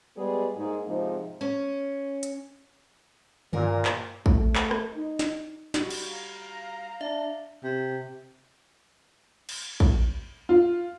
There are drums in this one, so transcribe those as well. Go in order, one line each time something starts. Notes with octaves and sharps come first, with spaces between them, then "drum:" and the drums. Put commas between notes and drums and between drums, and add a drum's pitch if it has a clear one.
G3 G#3 B3 G#4
G#2 A#3 D#4 G#4
G#2 C3 F3 G#3 C4 D#4
C#4
drum: hi-hat
G2 A#2 A#4 G#5, drum: tom D3
drum: clap
A3, drum: kick
drum: clap
drum: rim click
D#4
drum: snare
G3 F#4, drum: snare
drum: cymbal
F5 A#5
D4 E5
C3
drum: cymbal
drum: kick
F4